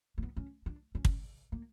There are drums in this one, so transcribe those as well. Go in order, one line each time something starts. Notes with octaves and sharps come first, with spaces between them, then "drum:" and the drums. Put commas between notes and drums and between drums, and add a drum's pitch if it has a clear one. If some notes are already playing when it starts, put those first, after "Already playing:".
A#3
B3
C#4
D4
C#4
drum: kick
A#3